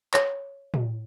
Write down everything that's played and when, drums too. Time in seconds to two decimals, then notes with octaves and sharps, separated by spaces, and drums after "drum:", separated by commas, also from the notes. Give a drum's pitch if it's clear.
0.14 C#5, drum: clap
0.74 drum: tom